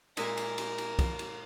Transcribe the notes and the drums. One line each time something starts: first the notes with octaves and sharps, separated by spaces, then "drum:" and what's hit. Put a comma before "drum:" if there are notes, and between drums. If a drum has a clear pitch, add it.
A#2 G#3 A#4 E5, drum: cymbal
drum: cymbal
drum: cymbal
drum: cymbal
drum: kick, cymbal
drum: cymbal